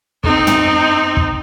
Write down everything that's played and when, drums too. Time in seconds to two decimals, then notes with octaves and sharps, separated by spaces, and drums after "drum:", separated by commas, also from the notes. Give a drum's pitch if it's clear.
0.24 C4 D#4, drum: kick
0.47 drum: tom
1.17 drum: kick